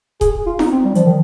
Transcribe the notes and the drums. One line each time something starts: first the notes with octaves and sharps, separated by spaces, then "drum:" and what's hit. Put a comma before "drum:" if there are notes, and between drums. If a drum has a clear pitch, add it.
G#4, drum: kick D#1, hi-hat
F4
D#4, drum: snare F4
C4
G3
F3, drum: hi-hat
D#3